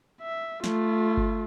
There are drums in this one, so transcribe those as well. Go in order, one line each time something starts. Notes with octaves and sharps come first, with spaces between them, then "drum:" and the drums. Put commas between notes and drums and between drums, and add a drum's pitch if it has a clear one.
E5
A3 F4, drum: snare
drum: kick G1